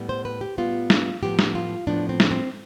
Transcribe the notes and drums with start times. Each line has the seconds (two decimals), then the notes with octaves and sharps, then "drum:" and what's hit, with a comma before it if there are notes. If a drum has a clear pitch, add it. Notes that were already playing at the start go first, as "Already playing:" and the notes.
Already playing: A2 G3 B3
0.09 C5
0.25 B4
0.41 G4
0.58 A2 G3 B3 F4
0.90 drum: snare
1.22 A2 F3 B3 G4
1.39 drum: snare
1.55 F4
1.87 A2 F3 B3 D4
2.09 C4
2.20 drum: snare
2.31 C4